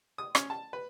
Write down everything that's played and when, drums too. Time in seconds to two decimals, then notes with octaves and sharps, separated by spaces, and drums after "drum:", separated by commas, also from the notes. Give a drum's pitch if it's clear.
0.18 D#6
0.35 C#4, drum: rim click
0.50 A5
0.73 B4